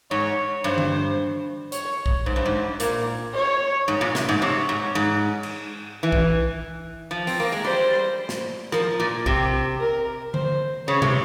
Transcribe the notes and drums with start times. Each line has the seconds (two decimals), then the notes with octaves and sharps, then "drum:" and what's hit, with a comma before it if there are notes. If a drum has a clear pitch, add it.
0.11 G#2 C#5
0.64 G2 C5
0.78 drum: tom D3
1.72 C#5, drum: hi-hat
2.06 drum: kick B1
2.26 G#2 C5
2.36 G2
2.46 G#2
2.80 A#2 A#4, drum: hi-hat
3.34 C#5
3.88 G#2
4.01 A#2
4.15 C3, drum: snare
4.29 G#2
4.42 C3 C#5
4.69 G#2
4.95 G#2
5.43 drum: cymbal
6.03 E3
6.12 drum: kick B1
7.11 F3
7.27 C4, drum: open hi-hat
7.40 A#3
7.52 G#3
7.65 G3 C5
8.29 drum: snare
8.72 F3 A#4, drum: rim click
9.00 A#2
9.26 C3 G4, drum: kick B1
9.80 A#4
10.34 C5, drum: tom D3
10.88 C#3 C#5
11.02 C3, drum: tom